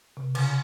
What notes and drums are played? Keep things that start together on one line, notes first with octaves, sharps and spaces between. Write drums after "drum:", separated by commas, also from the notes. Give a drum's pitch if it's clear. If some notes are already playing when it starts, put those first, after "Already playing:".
C3
C#3, drum: cymbal